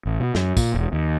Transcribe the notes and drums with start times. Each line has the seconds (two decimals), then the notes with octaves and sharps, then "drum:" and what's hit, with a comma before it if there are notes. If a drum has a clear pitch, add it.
0.05 A1
0.20 B2
0.35 F#2, drum: snare
0.57 A#2, drum: kick, tambourine
0.74 E1
0.93 D#2